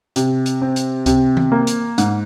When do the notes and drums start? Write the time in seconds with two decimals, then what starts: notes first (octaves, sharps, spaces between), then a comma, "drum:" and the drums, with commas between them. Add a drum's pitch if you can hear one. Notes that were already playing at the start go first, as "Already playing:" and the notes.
0.16 C3, drum: hi-hat
0.46 drum: hi-hat
0.62 C4
0.76 drum: hi-hat
1.06 C3, drum: kick C#2, hi-hat
1.37 drum: tom D#3
1.52 A#3
1.67 drum: hi-hat
1.98 G#2, drum: hi-hat